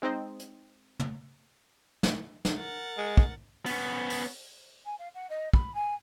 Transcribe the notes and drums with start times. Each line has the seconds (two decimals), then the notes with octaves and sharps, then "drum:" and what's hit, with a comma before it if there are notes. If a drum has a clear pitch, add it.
0.02 G#3 C4 D#4 C5 D#5
0.39 drum: hi-hat
0.99 drum: tom
2.03 drum: snare
2.45 drum: snare
2.55 A#4 F#5 A6
2.98 G#3
3.17 drum: kick
3.66 B3 C#4, drum: open hi-hat
4.10 drum: open hi-hat
4.85 G#5
4.99 F5
5.14 F#5
5.29 D#5
5.53 B5, drum: kick
5.74 G#5